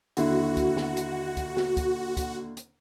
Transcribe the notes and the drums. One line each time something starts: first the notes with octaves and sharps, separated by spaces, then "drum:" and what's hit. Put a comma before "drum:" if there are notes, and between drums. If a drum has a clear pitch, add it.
D#2 D3 E4 F#4, drum: hi-hat
drum: kick, hi-hat
drum: snare
drum: hi-hat
drum: kick, hi-hat
drum: snare
drum: kick, hi-hat
drum: kick, hi-hat
drum: hi-hat